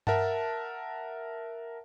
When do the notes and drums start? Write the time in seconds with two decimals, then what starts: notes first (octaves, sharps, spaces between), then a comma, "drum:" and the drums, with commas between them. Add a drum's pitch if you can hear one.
0.07 A#4 E5 F#5 A5, drum: tom G2